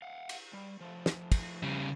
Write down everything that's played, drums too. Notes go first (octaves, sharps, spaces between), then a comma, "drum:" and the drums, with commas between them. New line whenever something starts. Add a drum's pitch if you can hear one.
F5 F#5
drum: cymbal
G3
F3 A3
drum: snare
drum: kick, cymbal
C#3 G3